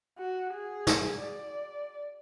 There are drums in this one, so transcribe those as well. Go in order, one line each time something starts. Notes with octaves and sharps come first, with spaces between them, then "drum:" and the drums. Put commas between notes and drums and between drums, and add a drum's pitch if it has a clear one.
F#4
G#4
drum: snare
D5